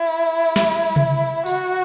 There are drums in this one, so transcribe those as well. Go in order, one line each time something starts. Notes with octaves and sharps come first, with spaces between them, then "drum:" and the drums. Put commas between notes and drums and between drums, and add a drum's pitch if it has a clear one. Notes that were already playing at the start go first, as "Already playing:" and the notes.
Already playing: E4
drum: snare
drum: tom C3
F#4, drum: tambourine